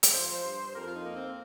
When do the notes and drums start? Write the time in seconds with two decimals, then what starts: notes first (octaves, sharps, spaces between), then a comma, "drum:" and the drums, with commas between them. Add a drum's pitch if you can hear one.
0.03 drum: hi-hat
0.14 F3 C5
0.44 G2
0.74 F2 A#4
0.87 F4
0.94 D#4
1.05 A#3
1.14 C4